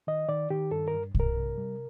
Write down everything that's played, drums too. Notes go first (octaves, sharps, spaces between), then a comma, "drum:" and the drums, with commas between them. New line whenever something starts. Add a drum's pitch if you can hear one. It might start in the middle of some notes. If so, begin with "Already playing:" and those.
D#3 D#5
D#3 D5
D#3 G4
G2 A4
A#4
G2
G2, drum: kick
A#4
C3
G3